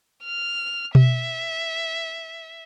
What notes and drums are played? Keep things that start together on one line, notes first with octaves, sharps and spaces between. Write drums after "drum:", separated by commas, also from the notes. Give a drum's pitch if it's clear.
F6
E5, drum: tom B2